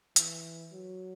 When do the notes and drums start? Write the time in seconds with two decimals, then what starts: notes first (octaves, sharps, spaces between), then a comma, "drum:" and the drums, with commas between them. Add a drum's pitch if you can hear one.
0.16 E3, drum: hi-hat
0.72 F#3